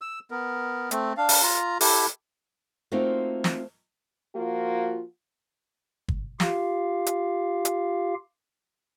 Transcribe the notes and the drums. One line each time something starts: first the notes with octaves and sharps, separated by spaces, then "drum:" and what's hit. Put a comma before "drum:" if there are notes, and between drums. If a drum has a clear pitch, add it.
E6
B3 A#4
A3 C4, drum: hi-hat
D4 F5
drum: open hi-hat
F4 A#5
E4 G4 A4, drum: open hi-hat
A3 A#3 C4 D#4 F4 F#4
drum: snare
F3 A#3 F4 F#4
drum: kick G1
F4 G4 F5, drum: snare
drum: hi-hat
drum: hi-hat